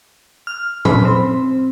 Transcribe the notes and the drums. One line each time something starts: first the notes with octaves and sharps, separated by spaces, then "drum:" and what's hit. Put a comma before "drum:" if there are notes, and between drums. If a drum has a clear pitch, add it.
F6
B5, drum: tom A#2
C4